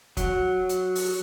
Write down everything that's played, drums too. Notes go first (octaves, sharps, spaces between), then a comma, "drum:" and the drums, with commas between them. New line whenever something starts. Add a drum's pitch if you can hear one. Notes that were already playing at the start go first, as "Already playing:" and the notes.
F#3, drum: kick, hi-hat
drum: hi-hat
drum: open hi-hat